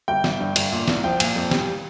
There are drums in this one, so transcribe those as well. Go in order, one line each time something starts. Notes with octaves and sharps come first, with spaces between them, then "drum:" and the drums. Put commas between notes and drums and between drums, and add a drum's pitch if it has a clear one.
G1 G5
G1, drum: snare
G2
G1, drum: cymbal
A#2
C2, drum: snare
F3 G5
A#2, drum: cymbal
F2
G3, drum: snare